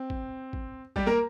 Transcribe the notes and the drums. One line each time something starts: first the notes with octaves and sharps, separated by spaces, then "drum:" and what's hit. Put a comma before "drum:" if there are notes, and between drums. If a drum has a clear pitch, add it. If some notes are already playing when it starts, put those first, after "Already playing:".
Already playing: C4
drum: kick
drum: kick
G3 G4, drum: kick
A#3 A#4